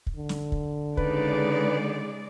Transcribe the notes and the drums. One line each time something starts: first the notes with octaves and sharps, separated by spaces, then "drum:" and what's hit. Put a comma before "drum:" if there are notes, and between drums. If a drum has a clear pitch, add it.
drum: kick
D3
drum: snare
drum: kick
C#3 G#3 D#4 B4 D5, drum: kick